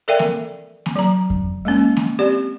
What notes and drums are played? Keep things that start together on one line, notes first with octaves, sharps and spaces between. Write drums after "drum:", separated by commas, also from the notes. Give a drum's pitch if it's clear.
A4 A#4 D5 E5 F5 G5
drum: snare A#3
drum: snare A#3
F#3 A#5
drum: kick F2
G#3 A#3 C#4
drum: snare A#3
C4 G4 D5